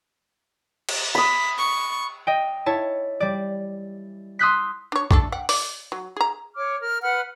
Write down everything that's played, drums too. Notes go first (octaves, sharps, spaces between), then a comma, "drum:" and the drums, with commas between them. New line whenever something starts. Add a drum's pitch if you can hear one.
drum: cymbal
B5 D#6 B6
C#6
D#5 G5
E4 C#5 A5
G3 D5
C6 D#6 E6 F#6 G6 B6
D4 C#5
A3 D4 A4, drum: kick A#1
F#5 G5
D5, drum: open hi-hat
F#3
G#4 A#5
C#5 D6 F6
A#4 F6
B4 F#5 F6